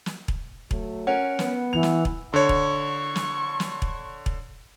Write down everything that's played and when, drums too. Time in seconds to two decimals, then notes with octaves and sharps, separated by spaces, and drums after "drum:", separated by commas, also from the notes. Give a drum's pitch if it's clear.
0.06 drum: snare
0.28 drum: kick E1
0.71 F#3 A3, drum: kick E1
1.07 C#4 A#4 F#5
1.39 B3, drum: snare
1.73 E3 F7
1.83 drum: snare
2.05 drum: kick E1
2.34 D3 C#5 C#6
2.49 drum: kick E1
3.16 drum: snare
3.60 drum: snare
3.82 drum: kick E1
4.26 drum: kick E1